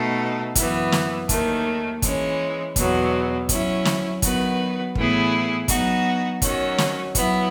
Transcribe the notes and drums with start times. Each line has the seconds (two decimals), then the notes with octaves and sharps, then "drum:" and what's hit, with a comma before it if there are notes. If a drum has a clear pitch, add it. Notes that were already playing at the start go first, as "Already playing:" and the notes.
Already playing: B2 A3 D#4 A4
0.55 F#2 E3 B3, drum: kick, hi-hat
0.92 drum: snare
1.29 D#2 D#3 A3, drum: kick, hi-hat
2.02 E3 G#3 C#4, drum: kick, hi-hat
2.76 E2 B2 F#3 B3, drum: kick, hi-hat
3.49 F#3 C#4 E4, drum: kick, hi-hat
3.85 drum: snare
4.22 D#3 F#3 B3 F#4 B4, drum: kick, hi-hat
4.95 A2 E3 B3 E4 G#4, drum: kick
5.68 F#3 B3 D#4 F#4, drum: kick, hi-hat
6.42 D#3 F#3 C#4 F#4, drum: kick, hi-hat
6.78 drum: snare
7.15 F#3 B3 E4, drum: kick, hi-hat